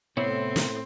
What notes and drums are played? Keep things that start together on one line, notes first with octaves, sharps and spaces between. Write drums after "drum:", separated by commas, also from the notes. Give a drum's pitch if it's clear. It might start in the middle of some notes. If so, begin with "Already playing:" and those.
A2 C3 B3 C4 E4 C#5
drum: snare